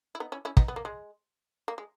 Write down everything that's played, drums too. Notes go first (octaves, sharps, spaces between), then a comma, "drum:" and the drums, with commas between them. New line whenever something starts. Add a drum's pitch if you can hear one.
E4
B3 D#4
C#4 E4
C#4 E4
B3 D#4, drum: kick
B3
A#3
G#3
A#3
G#3